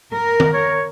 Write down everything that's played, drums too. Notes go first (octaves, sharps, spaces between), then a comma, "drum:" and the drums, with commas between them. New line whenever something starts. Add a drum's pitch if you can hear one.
A#4
drum: tom D#3
C#5